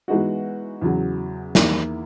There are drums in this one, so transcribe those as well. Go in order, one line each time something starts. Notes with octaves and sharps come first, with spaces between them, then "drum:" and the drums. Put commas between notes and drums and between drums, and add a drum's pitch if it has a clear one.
E3 G#3 B3 D#4 F#4
E2 C#3 F#3
E2 D#3 A#3 E4, drum: snare